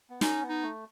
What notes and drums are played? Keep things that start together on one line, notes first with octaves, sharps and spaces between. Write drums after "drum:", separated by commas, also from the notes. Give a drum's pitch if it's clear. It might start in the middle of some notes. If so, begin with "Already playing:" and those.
B3
C#4 D#4, drum: snare
B3
D#4
A3